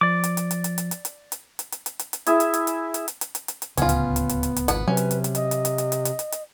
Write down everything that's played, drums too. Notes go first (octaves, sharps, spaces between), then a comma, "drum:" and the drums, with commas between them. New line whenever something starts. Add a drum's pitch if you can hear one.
F3 D5 D6
drum: hi-hat
drum: hi-hat
drum: hi-hat
drum: hi-hat
drum: hi-hat
drum: hi-hat
drum: hi-hat
drum: hi-hat
drum: hi-hat
drum: hi-hat
drum: hi-hat
drum: hi-hat
drum: hi-hat
E4 G#4 E5, drum: hi-hat
drum: hi-hat
drum: hi-hat
drum: hi-hat
drum: hi-hat
drum: hi-hat
drum: hi-hat
drum: hi-hat
drum: hi-hat
drum: hi-hat
D1 C#2 B3 C#4 F4, drum: hi-hat
drum: hi-hat
drum: hi-hat
drum: hi-hat
drum: hi-hat
drum: hi-hat
G#1 B3 F4 F#5, drum: hi-hat
C3 F#3 C#4 B4
drum: hi-hat
drum: hi-hat
drum: hi-hat
D#5, drum: hi-hat
drum: hi-hat
drum: hi-hat
drum: hi-hat
drum: hi-hat
drum: hi-hat
drum: hi-hat
drum: hi-hat